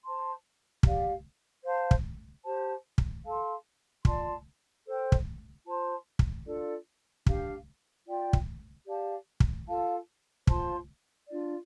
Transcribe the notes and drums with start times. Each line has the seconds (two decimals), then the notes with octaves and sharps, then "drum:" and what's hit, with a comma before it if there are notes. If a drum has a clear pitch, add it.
0.04 C5 A5 C6
0.83 G4 D5 F5, drum: kick
1.65 C5 F5 A5
1.91 drum: kick
2.45 G4 C5 A5
2.98 drum: kick
3.25 A4 F5 A5 C6
4.05 F4 D5 A5 C6, drum: kick
4.86 A4 C5 G5
5.12 drum: kick
5.66 F4 C5 A5 C6
6.19 drum: kick
6.46 D4 F4 A4 D5
7.26 D4 G4 F5, drum: kick
8.06 F4 D5 G5
8.33 drum: kick
8.87 G4 D5 F5 A5
9.40 drum: kick
9.67 F4 A4 F5 A5
10.47 F4 C5 A5 C6, drum: kick
11.27 D4 F4 D5